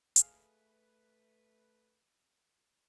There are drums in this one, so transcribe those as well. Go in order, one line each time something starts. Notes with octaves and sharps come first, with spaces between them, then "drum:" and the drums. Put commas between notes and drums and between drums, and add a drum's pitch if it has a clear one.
A3 G#4 B4 F5, drum: hi-hat